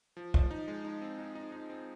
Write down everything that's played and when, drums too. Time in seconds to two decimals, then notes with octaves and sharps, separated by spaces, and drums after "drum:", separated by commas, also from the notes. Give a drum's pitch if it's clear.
0.17 F3
0.34 F3, drum: kick
0.51 D#4
0.68 G#3
0.85 D#4
1.02 C4
1.19 D#4
1.35 D#4
1.52 D#4
1.70 C4